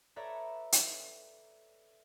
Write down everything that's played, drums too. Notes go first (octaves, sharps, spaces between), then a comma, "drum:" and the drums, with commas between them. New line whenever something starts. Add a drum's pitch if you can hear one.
A4 B4 C#5 D5 E5 A#5
drum: hi-hat